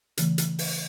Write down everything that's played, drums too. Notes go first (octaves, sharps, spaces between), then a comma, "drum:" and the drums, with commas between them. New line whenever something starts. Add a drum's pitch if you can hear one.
C#3 E3 A3, drum: hi-hat
drum: hi-hat
drum: open hi-hat